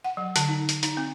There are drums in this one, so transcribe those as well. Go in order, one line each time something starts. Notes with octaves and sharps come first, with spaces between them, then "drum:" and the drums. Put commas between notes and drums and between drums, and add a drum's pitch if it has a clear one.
F#5
F#3
D3, drum: hi-hat
D#4
drum: hi-hat
D#4, drum: hi-hat
C4